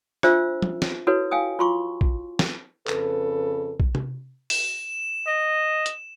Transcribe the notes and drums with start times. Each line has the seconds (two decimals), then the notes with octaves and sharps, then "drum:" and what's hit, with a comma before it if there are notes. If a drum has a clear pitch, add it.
0.23 D4 F4 C5 E5 E6, drum: rim click
0.62 drum: tom
0.82 drum: snare
1.07 E4 F#4 A4 B4 C#5
1.31 F5 G5 G#5 D#6
1.59 F4 C6 C#6
2.01 drum: kick
2.39 drum: snare
2.87 F2 C#3 A4 B4, drum: clap
3.80 drum: kick
3.95 drum: tom C3
4.50 E7, drum: open hi-hat
5.27 D#5
5.86 drum: hi-hat